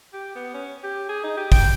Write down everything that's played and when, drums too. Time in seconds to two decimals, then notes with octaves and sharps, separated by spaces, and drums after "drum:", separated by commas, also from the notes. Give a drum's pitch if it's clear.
0.13 G4
0.36 B3
0.54 C#4
0.83 G4
1.09 G#4
1.24 D#4
1.37 G4
1.52 G5, drum: kick, open hi-hat